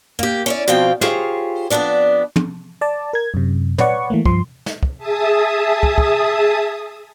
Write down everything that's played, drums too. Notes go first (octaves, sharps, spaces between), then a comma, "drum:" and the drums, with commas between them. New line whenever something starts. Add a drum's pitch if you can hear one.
A#3 G4, drum: tom
C#4 E4 D5
B2 F3 C4 F5 G5
F4 G4 G#4 C5 C#5, drum: snare
F2 A#2 B3 D4 D5
drum: tom
D5 A5
A#4 G#6
F#2 C3
B4 C#5 D5 F#5 C#6, drum: tom
E3 A3 A#3
G2 F3 C6, drum: kick
drum: snare
drum: kick
G#4 E5 A5 D#6
drum: kick
drum: kick